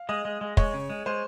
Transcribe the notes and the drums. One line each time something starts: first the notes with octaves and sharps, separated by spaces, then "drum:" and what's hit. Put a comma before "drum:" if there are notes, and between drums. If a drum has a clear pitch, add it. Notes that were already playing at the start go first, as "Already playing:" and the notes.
Already playing: F5
G#3 D#5
G#3
G#3
G#3 C#5, drum: kick
C#3
G#3
G#3 C5